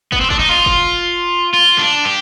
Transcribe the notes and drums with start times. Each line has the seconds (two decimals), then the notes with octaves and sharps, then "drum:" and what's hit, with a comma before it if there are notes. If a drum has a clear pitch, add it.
0.12 B3, drum: kick
0.21 C4
0.30 D4, drum: kick
0.39 D#4
0.49 F4
0.66 drum: kick
1.54 F4
1.78 D4
2.05 G4